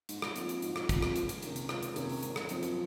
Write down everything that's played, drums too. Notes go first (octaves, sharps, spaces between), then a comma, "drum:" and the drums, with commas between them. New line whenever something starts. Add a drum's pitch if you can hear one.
G#2, drum: hi-hat
drum: rim click
F3 C4 F#4, drum: hi-hat
drum: hi-hat
G#2, drum: hi-hat
drum: rim click
F3 C4 F#4, drum: kick, hi-hat
drum: rim click
C#2, drum: hi-hat
drum: hi-hat
C3 D#3 A#3 C#4, drum: hi-hat
drum: hi-hat
C#2, drum: rim click
drum: hi-hat
C3 D#3 A#3 C#4, drum: hi-hat
drum: open hi-hat
G#1, drum: hi-hat
drum: rim click
F#2 F3 C4, drum: hi-hat
drum: hi-hat